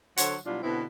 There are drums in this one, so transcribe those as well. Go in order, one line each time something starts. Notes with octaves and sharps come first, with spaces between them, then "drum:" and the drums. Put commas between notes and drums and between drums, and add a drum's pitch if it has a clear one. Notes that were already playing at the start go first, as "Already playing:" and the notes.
D3 F#3 A4 C5 C#5 F#5, drum: hi-hat
B2 F#3 G3 D4 E4 F4
B2 D3 B3 C4 E4